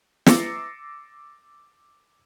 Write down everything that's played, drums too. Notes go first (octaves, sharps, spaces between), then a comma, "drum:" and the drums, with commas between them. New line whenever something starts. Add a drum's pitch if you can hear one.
D6 E6 A6 A#6 C7 C#7, drum: snare